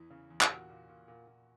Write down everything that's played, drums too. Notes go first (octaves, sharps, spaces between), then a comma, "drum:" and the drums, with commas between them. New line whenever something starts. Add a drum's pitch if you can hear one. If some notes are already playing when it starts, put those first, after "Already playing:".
Already playing: E2 E3
C#3
E2
G4, drum: clap
A#2 F#4
A#2
A#2
A#2
A#2